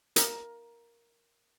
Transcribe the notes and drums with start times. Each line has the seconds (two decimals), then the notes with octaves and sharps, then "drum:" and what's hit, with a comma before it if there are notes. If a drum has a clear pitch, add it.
0.16 A#4, drum: hi-hat